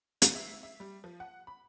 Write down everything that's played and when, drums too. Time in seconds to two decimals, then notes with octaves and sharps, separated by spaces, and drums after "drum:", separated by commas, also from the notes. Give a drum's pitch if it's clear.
0.22 C7, drum: hi-hat
0.35 E5
0.63 E5
0.80 G3
1.04 F3
1.20 F#5
1.47 B5